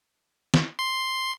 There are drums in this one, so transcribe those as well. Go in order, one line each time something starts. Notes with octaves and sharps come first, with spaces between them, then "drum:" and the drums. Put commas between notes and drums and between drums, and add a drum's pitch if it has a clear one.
drum: snare
C6